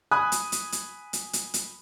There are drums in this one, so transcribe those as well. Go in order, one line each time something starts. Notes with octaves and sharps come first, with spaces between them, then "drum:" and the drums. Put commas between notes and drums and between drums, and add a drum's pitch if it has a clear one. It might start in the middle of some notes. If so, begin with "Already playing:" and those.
G#5 B5 D#6 F#6
drum: hi-hat
drum: hi-hat
drum: hi-hat
drum: hi-hat
drum: hi-hat
drum: hi-hat